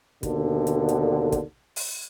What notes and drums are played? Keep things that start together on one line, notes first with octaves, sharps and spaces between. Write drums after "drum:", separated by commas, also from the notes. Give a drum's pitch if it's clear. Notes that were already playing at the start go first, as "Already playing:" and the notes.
D#2 B2 D3, drum: kick, hi-hat
drum: hi-hat
drum: hi-hat
drum: kick, hi-hat
drum: open hi-hat